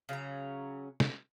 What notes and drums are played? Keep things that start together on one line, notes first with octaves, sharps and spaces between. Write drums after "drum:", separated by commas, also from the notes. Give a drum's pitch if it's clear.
C#3 F#3 C#4 A#5
drum: snare